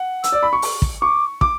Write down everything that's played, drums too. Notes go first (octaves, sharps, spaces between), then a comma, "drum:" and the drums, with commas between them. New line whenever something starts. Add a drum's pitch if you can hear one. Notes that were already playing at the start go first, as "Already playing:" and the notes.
Already playing: F#5
E6, drum: hi-hat
D5
B5
C#6
drum: open hi-hat
drum: kick
C#6 D6
D6, drum: kick